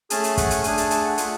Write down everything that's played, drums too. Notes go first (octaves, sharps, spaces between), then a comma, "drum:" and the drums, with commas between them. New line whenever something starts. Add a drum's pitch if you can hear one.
A3 C#4 G#4 A5, drum: hi-hat
drum: hi-hat
F#5, drum: kick, hi-hat
drum: hi-hat
A3 D4 G#4 G#5, drum: hi-hat
A5, drum: hi-hat
A5, drum: hi-hat
F#5
A3 F4 G#4, drum: hi-hat